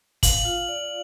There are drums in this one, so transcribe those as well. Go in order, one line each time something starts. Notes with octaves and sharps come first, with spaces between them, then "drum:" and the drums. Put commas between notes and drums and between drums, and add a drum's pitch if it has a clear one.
F5 F#7, drum: kick, hi-hat
F4
D5